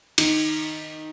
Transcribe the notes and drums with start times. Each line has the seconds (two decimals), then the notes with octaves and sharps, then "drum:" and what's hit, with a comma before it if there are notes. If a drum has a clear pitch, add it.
0.18 D#3, drum: cymbal